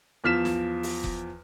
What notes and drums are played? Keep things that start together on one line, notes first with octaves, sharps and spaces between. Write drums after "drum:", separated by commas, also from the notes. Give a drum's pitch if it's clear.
E2 F3 F6 B6 E7
drum: snare
drum: open hi-hat
drum: kick F1